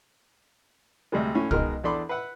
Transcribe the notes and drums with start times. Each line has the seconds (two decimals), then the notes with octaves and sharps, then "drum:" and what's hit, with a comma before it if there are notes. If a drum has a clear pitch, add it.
1.12 D2 C3 G3 G#3
1.35 A2 C#4
1.51 B2 D#3 G#3 A#4 F6, drum: kick
1.84 E2 D4 A4 B5 C6 D6
2.09 B4 E5 F#5